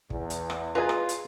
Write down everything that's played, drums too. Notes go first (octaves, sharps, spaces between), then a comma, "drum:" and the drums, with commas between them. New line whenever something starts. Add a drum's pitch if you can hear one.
E2, drum: kick
drum: hi-hat
drum: rim click
F4 G#4 B4 D#5 G#5 A#5
drum: rim click
drum: hi-hat